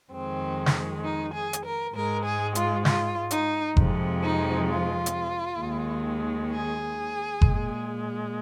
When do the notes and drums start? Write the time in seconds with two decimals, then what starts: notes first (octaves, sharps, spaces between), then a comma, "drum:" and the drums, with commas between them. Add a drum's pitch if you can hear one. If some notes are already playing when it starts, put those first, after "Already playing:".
0.11 F2 D#3 G#3 C4
0.66 drum: snare
1.03 D#4
1.33 G#4
1.53 drum: hi-hat
1.64 A#4
1.94 G#2 G#3 A#4
2.24 G#4
2.55 F4, drum: hi-hat
2.85 F4, drum: snare
3.31 D#4, drum: hi-hat
3.77 F2 C3 F3 G#3, drum: kick F#1
4.22 D#4
4.68 F4
5.06 drum: hi-hat
5.59 D#2 D#3 G#3
6.51 G#4
7.41 A#2 G#3, drum: kick F#1